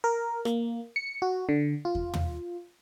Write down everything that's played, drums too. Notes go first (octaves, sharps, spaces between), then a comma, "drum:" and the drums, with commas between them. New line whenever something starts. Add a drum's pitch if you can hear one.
A#4
A#3, drum: rim click
C#7
F#4
D3
F4
drum: kick E2
drum: tom